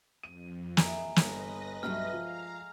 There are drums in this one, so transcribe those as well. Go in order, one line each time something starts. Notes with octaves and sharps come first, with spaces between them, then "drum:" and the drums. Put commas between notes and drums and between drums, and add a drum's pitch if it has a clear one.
F2 D#7
D#4 E4 G#4 G#5 A#5, drum: snare
G1 B4 D#5 A#6, drum: snare
B1 G2 G#3 A3 F#4 F6
F3 F5 A#5